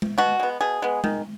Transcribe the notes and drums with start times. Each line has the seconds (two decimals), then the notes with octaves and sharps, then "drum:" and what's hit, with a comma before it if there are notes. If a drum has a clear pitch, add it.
0.02 drum: tom G#3
0.18 B2 F#4
0.40 G#3 B3
0.61 B2 G#4
0.82 G#3 B3
1.04 D#3, drum: tom G#3